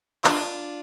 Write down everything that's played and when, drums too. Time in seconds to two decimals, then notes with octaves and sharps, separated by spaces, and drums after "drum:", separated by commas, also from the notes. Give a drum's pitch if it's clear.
0.24 D4 F4, drum: clap